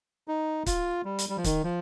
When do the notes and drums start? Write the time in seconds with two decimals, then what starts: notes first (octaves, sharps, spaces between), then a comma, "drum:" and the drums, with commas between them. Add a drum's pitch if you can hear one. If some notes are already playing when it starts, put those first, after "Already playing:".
0.28 D#4
0.66 F4, drum: kick C#1, hi-hat
1.05 G3
1.19 drum: hi-hat
1.29 G3
1.37 F3
1.44 D#3, drum: kick C#1, hi-hat
1.64 F3